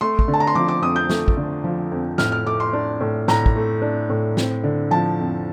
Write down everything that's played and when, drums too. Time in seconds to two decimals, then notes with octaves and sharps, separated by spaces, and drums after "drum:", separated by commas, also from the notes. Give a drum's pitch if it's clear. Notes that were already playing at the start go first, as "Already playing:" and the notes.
0.01 A3 C6
0.19 drum: kick
0.28 D3
0.34 A5
0.40 A#5
0.47 C6
0.55 F3 D6
0.68 D6
0.82 F2 D#6
0.96 G6
1.10 A3, drum: snare
1.28 drum: kick
1.37 D3
1.64 F3
1.92 F2
2.18 A2 F6, drum: snare
2.32 F6
2.46 A3 D6
2.60 C6
2.73 D4
3.00 A2
3.28 A2 A#5, drum: snare
3.46 drum: kick
3.56 A3
3.82 D4
4.09 A2
4.37 C4, drum: snare
4.64 D3
4.91 F3 A5
5.19 F2